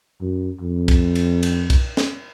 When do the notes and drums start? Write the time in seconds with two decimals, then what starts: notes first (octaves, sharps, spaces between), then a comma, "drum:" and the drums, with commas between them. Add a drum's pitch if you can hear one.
0.21 F#2
0.61 F2
0.88 drum: kick, cymbal
1.15 drum: cymbal
1.43 drum: cymbal
1.70 drum: kick, cymbal
1.97 drum: snare